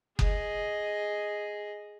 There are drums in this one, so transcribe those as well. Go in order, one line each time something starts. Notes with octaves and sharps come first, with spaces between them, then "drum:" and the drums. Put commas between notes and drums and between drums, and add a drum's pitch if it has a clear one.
G#4 D#5, drum: kick F#1